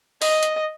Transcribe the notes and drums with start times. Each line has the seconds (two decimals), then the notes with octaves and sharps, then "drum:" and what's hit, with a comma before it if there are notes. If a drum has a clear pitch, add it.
0.22 D#5, drum: open hi-hat
0.43 drum: hi-hat